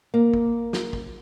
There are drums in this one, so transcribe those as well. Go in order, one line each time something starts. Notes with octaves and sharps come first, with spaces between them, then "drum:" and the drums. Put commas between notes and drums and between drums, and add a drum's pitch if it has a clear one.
A#3
drum: kick
drum: snare
drum: kick